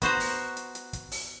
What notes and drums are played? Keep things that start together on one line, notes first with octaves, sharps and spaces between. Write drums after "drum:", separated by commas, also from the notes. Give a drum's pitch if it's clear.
B3 F#4 C5 A#5, drum: kick, hi-hat
drum: open hi-hat
drum: hi-hat
drum: hi-hat
drum: kick, hi-hat
drum: open hi-hat